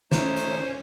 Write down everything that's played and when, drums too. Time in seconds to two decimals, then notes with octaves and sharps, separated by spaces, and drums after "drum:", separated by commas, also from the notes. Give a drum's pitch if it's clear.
0.12 A3 C#4 D#4 C5, drum: snare
0.36 drum: hi-hat